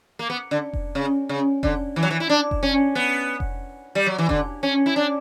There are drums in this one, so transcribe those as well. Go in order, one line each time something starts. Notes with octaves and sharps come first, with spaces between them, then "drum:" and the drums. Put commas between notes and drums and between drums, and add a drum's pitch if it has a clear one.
A#3
B3
D3
drum: kick F1
C#3
C#3
D3, drum: kick F1
E3
F#3
E3
E4
D4
drum: kick F1
C#4
B3
drum: kick F1
G3
F#3
E3
D3, drum: kick F1
C#4
E4
D4